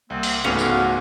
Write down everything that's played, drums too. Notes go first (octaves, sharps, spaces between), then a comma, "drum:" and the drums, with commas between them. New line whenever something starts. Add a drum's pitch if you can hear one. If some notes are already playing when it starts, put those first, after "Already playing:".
C2 A#3 C4
drum: open hi-hat
C#2 G#2 A3 B3 C#4 F#4 F5
drum: tambourine